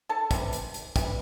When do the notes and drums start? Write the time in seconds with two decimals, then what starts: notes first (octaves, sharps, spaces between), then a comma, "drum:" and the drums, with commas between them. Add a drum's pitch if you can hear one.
0.09 A4 A5
0.31 C3 E3 G3, drum: kick, hi-hat
0.53 drum: hi-hat
0.74 drum: hi-hat
0.96 C3 E3 G3, drum: kick, hi-hat